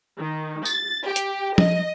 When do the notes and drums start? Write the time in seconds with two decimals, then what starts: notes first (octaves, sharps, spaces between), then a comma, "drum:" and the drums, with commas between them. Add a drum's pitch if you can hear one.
0.19 D#3
0.65 A6, drum: tambourine
1.04 G4
1.16 drum: hi-hat
1.58 D#5, drum: tom F3